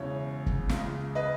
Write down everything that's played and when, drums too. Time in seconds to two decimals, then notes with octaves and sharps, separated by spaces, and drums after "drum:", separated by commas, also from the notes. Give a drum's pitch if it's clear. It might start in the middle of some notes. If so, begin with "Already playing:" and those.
Already playing: E1 E2 C#3 C#5
0.46 drum: kick
0.69 C#2 C#3 G#3, drum: snare
1.15 B4 D#5